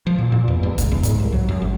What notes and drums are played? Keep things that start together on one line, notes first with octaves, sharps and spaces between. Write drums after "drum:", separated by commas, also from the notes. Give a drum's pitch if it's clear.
F3
A#2
A#2
E2
G2
C#2, drum: kick, hi-hat
E2
G#2, drum: hi-hat
C2
F#3
F#2
G#1